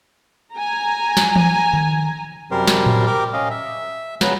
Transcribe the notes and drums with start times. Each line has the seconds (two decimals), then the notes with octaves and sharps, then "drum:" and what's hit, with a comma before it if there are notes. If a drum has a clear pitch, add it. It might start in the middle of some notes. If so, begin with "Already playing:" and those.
0.54 G#5 A#5
1.17 drum: snare
1.36 drum: tom
1.73 D#3
2.51 F#2 C3 G3 G4 A#4 C5
2.68 drum: snare
2.86 drum: tom A2
3.06 G4 A#4 D6
3.33 C#4 D#5 F5
3.51 E5
4.21 C#3 F#3 B3 B4 A#5, drum: snare